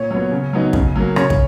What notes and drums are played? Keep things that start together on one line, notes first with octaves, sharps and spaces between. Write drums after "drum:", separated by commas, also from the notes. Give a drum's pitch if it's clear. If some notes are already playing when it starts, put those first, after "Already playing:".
Already playing: A#2 C#5
F#3 B3 C#5
C#3
F#3 B3 D#4
C#3, drum: kick
F#3 A#3
C#3 C#5, drum: rim click
drum: kick